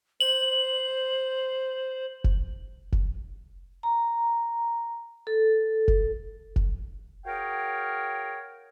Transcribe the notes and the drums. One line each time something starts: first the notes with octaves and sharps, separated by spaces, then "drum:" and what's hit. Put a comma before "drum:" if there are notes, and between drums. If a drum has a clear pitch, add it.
C5 F#7
drum: kick F1
drum: kick F1
A#5
A4
drum: kick F1
drum: kick F1
F#4 G#4 A#4 C#5 F5 G5